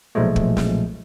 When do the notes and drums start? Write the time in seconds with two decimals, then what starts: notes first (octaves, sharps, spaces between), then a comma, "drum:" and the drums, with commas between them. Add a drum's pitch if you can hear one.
0.15 B1 A#2 F3 G#3 A3
0.36 drum: kick
0.57 drum: snare